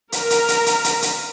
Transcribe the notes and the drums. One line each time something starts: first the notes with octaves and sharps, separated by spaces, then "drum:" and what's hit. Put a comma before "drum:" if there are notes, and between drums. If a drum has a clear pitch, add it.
A#4, drum: hi-hat
drum: hi-hat
drum: hi-hat
drum: hi-hat
drum: hi-hat
drum: hi-hat